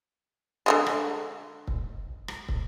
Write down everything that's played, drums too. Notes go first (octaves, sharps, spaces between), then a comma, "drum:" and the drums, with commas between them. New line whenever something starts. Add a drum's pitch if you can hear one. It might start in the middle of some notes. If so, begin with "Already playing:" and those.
D3 G3 G#3
drum: rim click
drum: kick
drum: rim click
drum: kick